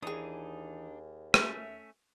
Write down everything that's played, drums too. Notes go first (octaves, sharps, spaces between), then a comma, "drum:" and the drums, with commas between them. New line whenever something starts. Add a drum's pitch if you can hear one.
D#2 E3 D4 D#4 G#4 D#6
A3 C#4 E5, drum: rim click